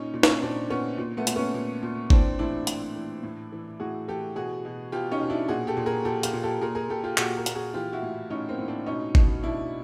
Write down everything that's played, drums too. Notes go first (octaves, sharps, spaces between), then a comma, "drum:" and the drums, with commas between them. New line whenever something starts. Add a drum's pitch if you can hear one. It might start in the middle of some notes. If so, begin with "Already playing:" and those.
Already playing: A#2 C#4 D#4
A#2
C#4 D#4, drum: snare
A#2 C4 D4
A#2 B3 C#4
A#2
A3 B3
A#2, drum: hi-hat
B3 C#4
A#2
A#2
E3 C4 D4, drum: kick G1
A2 D4 E4
A2, drum: hi-hat
E3
A2
E3
A2 F#4 G#4
E3 G4 A4
B2 F#4 G#4
B2
B2 F4 G4
C#4 D#4
B2
D4 E4
A#2 F#4 G#4
G4 A4
A#2
G#4 A#4
A#2 G4 A4
F4 G4, drum: hi-hat
A#2
G4 A4
A#2 G#4 A#4
G#4 A#4
A#2 G4 A4
F4 G4
A#2 F#4 G#4, drum: clap
G#4 A#4
A#2, drum: hi-hat
F#4 G#4
E3 F4 G4
E4 F#4
A2
A2 C#4 D#4
A#3 C4
A2
C4 D4
B2 C#4 D#4
B2, drum: kick G1
B2 D4 E4